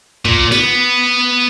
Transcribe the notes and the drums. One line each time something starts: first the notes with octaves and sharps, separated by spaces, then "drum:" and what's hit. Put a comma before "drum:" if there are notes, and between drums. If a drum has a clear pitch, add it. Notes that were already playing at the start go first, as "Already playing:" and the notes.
A#2, drum: kick
B3, drum: snare